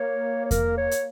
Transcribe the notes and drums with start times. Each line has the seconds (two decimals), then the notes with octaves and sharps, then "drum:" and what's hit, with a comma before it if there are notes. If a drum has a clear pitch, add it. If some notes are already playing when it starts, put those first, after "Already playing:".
Already playing: A#3 C#5
0.45 C#5
0.51 A#4, drum: kick E2, hi-hat
0.78 C#5
0.91 drum: hi-hat